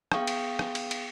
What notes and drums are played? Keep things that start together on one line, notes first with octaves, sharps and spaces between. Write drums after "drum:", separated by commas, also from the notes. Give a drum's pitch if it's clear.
B3 G#4 F5 G5 C#6 D#6, drum: rim click
drum: cymbal
drum: rim click
drum: cymbal
drum: cymbal